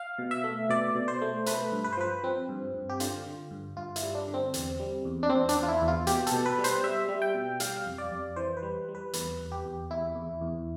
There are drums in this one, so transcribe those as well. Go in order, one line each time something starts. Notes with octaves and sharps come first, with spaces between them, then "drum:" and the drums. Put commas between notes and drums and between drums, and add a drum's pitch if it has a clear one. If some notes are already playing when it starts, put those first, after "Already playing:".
Already playing: F5
B2
E5
A3
B2 D5
B2
C5
A3
A3 B4, drum: hi-hat
G2
B4
C5
F3 B4
F3 C4
G2
G2
G4
D3 F4, drum: hi-hat
D3
G2
G2 F4
E4, drum: hi-hat
G3
D4
D3
C4
E2, drum: hi-hat
G3
E2
D4
E2 C4
D4, drum: hi-hat
E2
F4
E4
E2
F4
B2 G4, drum: hi-hat
A4, drum: hi-hat
B2
B4
G3
C5, drum: hi-hat
G3 E5
G3
G5
B2
G3 F5, drum: hi-hat
F2
D5
F2
E3 C5
B4
G3
G3
B4
E2 B4, drum: hi-hat
E2
G4
E2
E2 E4
E2
E2